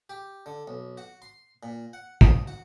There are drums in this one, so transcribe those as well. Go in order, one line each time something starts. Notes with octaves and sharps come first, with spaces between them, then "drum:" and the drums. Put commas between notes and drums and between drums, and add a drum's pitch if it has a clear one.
G4
D3
B1
F#4
C6
A#2
F#5
D#5, drum: kick
F#4